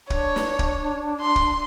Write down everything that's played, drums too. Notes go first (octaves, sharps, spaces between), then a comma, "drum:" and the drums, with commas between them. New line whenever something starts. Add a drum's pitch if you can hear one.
D4 C#5, drum: kick
drum: snare
drum: kick
C6
drum: kick